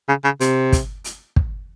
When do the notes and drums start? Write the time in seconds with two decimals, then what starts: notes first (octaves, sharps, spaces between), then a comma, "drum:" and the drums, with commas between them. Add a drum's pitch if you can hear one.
0.09 C#3
0.24 C#3
0.40 C3, drum: hi-hat
0.72 drum: kick, hi-hat
1.04 drum: hi-hat
1.36 drum: kick